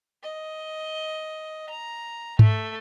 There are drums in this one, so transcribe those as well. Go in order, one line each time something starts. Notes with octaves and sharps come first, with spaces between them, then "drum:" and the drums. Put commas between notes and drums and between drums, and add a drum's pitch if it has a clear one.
D#5
A#5
A3, drum: tom G#2